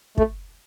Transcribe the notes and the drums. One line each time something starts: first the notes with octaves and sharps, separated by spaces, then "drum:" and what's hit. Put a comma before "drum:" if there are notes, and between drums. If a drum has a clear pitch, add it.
A3, drum: kick